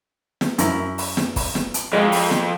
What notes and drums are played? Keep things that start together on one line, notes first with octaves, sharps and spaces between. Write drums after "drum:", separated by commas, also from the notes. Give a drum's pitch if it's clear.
drum: snare
F#2 E4, drum: hi-hat
drum: open hi-hat
drum: snare
drum: kick, open hi-hat
drum: snare
drum: hi-hat
F2 G#3
drum: open hi-hat
drum: snare